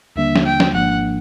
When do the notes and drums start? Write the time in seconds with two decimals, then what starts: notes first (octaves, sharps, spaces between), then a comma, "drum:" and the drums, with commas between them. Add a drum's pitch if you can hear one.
0.16 D#2 D3 G3 A#3 D4 E5
0.36 drum: snare
0.46 G5
0.60 drum: snare
0.73 G#1 G#2 F3 A#3 D4 F#5